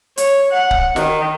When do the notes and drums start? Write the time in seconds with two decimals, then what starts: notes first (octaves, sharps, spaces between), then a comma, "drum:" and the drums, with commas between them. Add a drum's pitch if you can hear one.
0.17 C#5, drum: hi-hat
0.51 F#5
0.71 drum: kick C#1
0.96 D#3, drum: snare